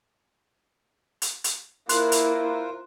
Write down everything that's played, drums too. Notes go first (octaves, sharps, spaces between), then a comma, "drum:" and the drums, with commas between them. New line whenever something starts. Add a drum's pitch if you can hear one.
drum: hi-hat
drum: hi-hat
A#3 E4 F4 A#4 C5 C6 F#6, drum: hi-hat
drum: hi-hat